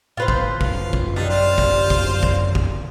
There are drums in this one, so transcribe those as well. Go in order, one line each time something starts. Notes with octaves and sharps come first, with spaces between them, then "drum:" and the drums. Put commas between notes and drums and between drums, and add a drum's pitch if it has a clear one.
A2 F4 B4 C5
drum: kick
F#2 F5, drum: kick
drum: kick
G3 D4 D#4
F4 C5 F5
drum: kick
drum: kick
drum: kick
drum: kick